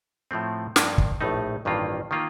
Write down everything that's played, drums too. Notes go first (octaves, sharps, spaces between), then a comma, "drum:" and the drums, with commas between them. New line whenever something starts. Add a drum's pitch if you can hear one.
A2 F3 A3 C4
G2 F3 A#3 D4 F4, drum: snare
drum: kick
A#1 A2 A3 D#4
A1 G2 D#3 A#3 F4
D#3 A#3 F4